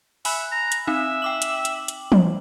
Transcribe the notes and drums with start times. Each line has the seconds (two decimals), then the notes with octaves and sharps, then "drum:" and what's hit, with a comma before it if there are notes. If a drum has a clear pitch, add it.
0.25 E5 G#5 B5 F#6, drum: open hi-hat
0.51 A#5
0.72 drum: hi-hat
0.87 C4 D#4 E5
1.22 G5 D6 F#7
1.42 drum: hi-hat
1.65 drum: hi-hat
1.88 drum: hi-hat
2.12 drum: tom